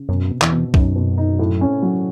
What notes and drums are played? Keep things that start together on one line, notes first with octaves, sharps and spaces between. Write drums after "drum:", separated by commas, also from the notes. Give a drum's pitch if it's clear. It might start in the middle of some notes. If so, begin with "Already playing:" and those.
Already playing: C#3
F#2 B2
B2
E2, drum: clap
B2
F#2 D#4, drum: kick B1
B2
D#4
A2
C#4
F#3